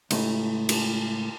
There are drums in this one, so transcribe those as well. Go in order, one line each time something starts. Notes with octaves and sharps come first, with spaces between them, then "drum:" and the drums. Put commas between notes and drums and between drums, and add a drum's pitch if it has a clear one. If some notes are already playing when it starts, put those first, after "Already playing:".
C#2 A2, drum: cymbal
drum: cymbal